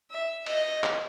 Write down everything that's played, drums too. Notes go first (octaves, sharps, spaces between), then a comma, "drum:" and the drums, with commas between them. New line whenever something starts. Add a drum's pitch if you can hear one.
E5
D#5, drum: cymbal
drum: clap